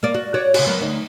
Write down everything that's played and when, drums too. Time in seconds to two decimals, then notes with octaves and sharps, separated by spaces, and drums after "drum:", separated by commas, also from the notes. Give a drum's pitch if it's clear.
0.03 A#3 D5
0.14 F#4
0.34 F#4 C#5 D5
0.54 C#3 F#4, drum: cymbal
0.66 F#3 A#3 B3
0.81 D2 D#4